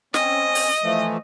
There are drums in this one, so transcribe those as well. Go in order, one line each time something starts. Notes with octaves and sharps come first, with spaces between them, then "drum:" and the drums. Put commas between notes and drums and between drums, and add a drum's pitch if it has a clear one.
C4 C#4 D#5, drum: snare
drum: open hi-hat
E3 F3 A3